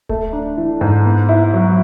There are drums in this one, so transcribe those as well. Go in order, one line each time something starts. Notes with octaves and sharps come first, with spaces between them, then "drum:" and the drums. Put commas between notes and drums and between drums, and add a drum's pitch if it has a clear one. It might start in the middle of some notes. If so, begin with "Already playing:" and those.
A3, drum: kick D1
D4
E3
G#2
B3
E4
F#3